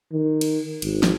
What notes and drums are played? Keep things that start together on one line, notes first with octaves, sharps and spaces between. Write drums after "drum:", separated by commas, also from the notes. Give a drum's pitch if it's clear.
D#3
drum: cymbal
G#1, drum: cymbal
drum: snare